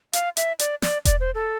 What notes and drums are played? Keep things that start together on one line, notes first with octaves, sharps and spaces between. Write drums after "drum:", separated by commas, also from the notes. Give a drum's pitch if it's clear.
F5, drum: hi-hat
E5, drum: hi-hat
D5, drum: hi-hat
D5, drum: snare
D5, drum: kick E1, hi-hat
C5
A4